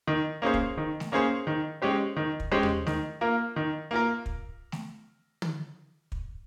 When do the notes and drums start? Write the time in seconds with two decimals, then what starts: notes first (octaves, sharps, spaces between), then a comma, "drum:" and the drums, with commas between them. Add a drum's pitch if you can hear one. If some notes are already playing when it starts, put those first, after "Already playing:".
0.07 D#3
0.42 A#3 C#4 G#4 C5
0.54 drum: kick
0.78 D#3
1.00 drum: snare A3
1.12 A#3 C#4 G#4 C5
1.47 D#3
1.82 G#3 C#4 G4 C5
2.17 D#3
2.40 drum: kick
2.52 G#3 C#4 G4 C5
2.63 drum: tom D#2
2.87 D#3, drum: snare A3
3.21 A#3 F4 A#4
3.56 D#3
3.91 A#3 F4 A#4
4.26 drum: kick
4.72 drum: snare A3
5.42 drum: tom
6.12 drum: kick